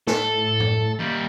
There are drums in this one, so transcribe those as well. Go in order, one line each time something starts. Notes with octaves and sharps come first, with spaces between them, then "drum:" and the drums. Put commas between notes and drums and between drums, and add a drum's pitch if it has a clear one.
A2 A4, drum: snare
drum: tom F#2
D#2 G3